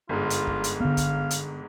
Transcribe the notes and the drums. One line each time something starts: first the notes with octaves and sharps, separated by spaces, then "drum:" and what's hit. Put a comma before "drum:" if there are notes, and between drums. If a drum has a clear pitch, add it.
G1 G#2 F4
drum: hi-hat
drum: kick
drum: hi-hat
D3 B3 F5
drum: kick, hi-hat
drum: hi-hat